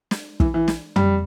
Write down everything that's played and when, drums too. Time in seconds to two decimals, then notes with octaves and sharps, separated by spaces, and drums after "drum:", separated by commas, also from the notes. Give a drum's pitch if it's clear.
0.11 drum: snare
0.40 E3, drum: kick
0.54 E3
0.68 drum: snare
0.96 G3, drum: tom